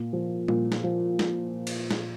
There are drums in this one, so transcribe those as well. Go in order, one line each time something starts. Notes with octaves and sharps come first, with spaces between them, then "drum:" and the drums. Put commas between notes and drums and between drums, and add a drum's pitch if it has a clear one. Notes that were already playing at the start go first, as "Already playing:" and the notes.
Already playing: A#2
F3
A#2, drum: tom G3
drum: snare
F3
drum: snare
drum: cymbal
drum: snare